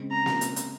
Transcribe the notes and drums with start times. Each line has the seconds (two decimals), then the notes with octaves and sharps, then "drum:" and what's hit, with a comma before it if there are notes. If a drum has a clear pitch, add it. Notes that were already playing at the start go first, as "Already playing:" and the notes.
Already playing: C#3 G#3 C4
0.11 A#5
0.26 drum: snare A#3
0.41 drum: hi-hat
0.56 drum: hi-hat